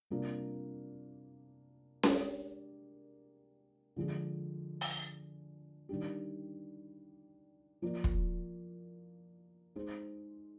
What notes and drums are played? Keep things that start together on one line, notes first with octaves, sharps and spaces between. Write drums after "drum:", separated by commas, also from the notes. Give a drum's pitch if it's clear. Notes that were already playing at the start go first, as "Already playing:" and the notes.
C3 G3 A#3 D4 F4
G#3 D4 G4 A#4 D5, drum: snare C#4
D3 F3 G#3 D4
drum: open hi-hat
D#3 G3 D4 G4
F3 A#3 F4 A#4 D5
drum: kick
G#3 D#4 G#4 C5